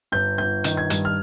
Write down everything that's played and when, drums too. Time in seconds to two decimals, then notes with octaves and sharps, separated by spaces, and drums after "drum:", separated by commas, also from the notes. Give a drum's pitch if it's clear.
0.12 G1 G6
0.38 G1 G6
0.64 D#3, drum: hi-hat
0.77 G#6
0.90 G2, drum: hi-hat
1.05 F6